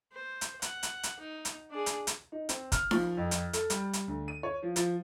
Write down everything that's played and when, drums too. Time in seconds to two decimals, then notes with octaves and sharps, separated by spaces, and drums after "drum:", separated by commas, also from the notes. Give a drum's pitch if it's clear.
0.12 C5
0.41 drum: hi-hat
0.62 F#5, drum: hi-hat
0.83 drum: hi-hat
1.03 drum: hi-hat
1.19 D#4
1.45 drum: hi-hat
1.71 D4 G#4
1.86 drum: hi-hat
2.07 drum: hi-hat
2.32 D#4
2.49 C4, drum: hi-hat
2.72 F6, drum: kick, hi-hat
2.91 F3, drum: snare D#4
3.17 F2
3.31 drum: hi-hat
3.53 A4, drum: hi-hat
3.70 G3, drum: hi-hat
3.93 drum: hi-hat
4.08 D2
4.28 D#7
4.43 C#5
4.63 F3
4.76 F3, drum: hi-hat